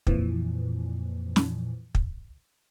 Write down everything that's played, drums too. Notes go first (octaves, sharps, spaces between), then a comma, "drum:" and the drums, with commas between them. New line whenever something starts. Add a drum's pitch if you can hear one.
F2 A#2 E3 F3, drum: kick
drum: snare
drum: kick